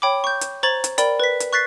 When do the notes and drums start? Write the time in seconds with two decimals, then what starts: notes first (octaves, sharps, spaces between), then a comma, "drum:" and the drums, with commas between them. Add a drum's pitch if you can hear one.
0.02 C#5 G5 B5 D6
0.24 C#6 G6
0.41 drum: hi-hat
0.63 C5 A#5 C#6 G#6 A6 F#7
0.84 drum: hi-hat
0.98 A#4 D5 G5 B5, drum: hi-hat
1.20 B4 B6
1.40 drum: hi-hat
1.53 C#6 F#6 A6 B6 C7